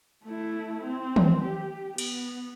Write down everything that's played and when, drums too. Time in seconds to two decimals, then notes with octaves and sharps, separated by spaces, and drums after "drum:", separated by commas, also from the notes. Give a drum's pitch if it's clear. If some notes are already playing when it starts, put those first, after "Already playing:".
0.24 A3 E4
0.83 C4
1.16 drum: tom D#3
1.44 G4
1.98 B3, drum: cymbal